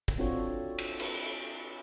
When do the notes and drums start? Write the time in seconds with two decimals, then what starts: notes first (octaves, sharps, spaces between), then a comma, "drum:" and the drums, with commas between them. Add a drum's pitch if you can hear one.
0.08 drum: kick
0.18 C4 D4 F4 F#4 A4 C#5
0.78 drum: cymbal
1.00 drum: cymbal